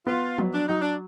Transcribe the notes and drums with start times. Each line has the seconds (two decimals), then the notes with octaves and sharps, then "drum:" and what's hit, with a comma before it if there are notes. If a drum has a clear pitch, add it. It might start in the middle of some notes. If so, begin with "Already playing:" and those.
0.07 B3 F4
0.38 F#3, drum: tom F3
0.54 D4
0.68 F#3 D#4
0.81 D4